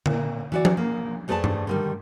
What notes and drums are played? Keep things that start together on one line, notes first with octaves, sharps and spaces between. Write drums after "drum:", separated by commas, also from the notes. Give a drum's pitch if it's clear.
A#2, drum: tom D3
E3 F#4 D5
drum: tom F3
A#3
F2 A3 G#4 B4 D5 A5
drum: tom G2
D3 D#3 G3